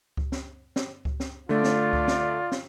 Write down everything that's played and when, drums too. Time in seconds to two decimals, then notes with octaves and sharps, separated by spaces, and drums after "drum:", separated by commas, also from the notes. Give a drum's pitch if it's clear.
0.17 drum: kick C#2
0.32 drum: snare
0.76 drum: snare
1.05 drum: kick C#2
1.20 drum: snare
1.49 D3 A3 F4 D5
1.64 drum: snare
1.93 drum: kick C#2
2.08 drum: snare
2.52 drum: snare